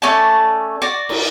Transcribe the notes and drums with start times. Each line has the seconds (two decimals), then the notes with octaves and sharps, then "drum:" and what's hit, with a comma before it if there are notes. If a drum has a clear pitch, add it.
0.02 A3 C#4 D5 A5
0.82 F#4 D5
1.09 drum: cymbal